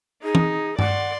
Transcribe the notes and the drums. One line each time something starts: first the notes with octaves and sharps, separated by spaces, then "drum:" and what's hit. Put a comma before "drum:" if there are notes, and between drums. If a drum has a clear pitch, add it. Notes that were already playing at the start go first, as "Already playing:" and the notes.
D#4 G#4
drum: tom E3
D5 F#5 C6, drum: tom G2